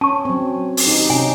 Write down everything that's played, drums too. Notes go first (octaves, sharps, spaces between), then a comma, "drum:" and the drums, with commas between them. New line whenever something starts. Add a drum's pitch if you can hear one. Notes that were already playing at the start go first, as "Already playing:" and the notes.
C#4 A5 C#6
F#3 C4
drum: open hi-hat
D#4 G4
C3 C#4 G#5